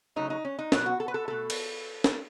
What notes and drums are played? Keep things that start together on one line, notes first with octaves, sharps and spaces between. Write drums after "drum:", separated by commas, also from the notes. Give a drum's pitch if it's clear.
C#3 F#3 A3 D#4
D#4
C#4
D#4
B2 F#3 B3, drum: snare
F#4
A4
B4
A4
B2 A3 A4
drum: cymbal
drum: snare